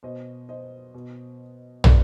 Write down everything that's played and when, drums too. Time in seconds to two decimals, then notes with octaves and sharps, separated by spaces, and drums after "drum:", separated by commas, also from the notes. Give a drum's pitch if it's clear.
0.03 B2 C5 D#5
0.49 C5 D#5
0.94 B2
1.84 C3 B4 D5, drum: tom